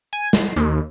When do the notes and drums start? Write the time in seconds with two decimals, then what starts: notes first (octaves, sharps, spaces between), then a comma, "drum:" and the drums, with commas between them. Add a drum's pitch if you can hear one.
0.13 G#5
0.33 C7, drum: snare
0.56 D#2, drum: hi-hat